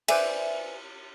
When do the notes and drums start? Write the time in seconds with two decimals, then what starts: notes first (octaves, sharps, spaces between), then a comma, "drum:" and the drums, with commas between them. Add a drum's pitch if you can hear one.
0.08 B4 C5 D5 E5 G#5, drum: cymbal